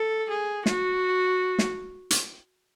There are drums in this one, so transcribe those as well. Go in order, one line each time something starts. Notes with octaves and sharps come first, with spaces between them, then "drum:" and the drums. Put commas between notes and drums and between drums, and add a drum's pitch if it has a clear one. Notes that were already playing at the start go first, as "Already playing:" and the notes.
Already playing: A4
G#4
F#4, drum: snare
drum: snare
drum: hi-hat